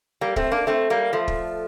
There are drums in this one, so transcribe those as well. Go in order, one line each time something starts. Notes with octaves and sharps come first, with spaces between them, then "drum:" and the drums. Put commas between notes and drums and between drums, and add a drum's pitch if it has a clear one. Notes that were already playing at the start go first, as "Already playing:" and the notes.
G3 A#3
A3 C4, drum: kick
A#3 D4
A3 C4
G3 A#3
F3 A3
drum: kick